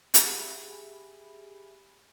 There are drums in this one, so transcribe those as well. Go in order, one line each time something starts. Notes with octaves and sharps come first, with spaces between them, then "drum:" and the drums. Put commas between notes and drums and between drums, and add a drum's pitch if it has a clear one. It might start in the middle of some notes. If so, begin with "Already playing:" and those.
G4 G#4 E5 G#5 B5, drum: hi-hat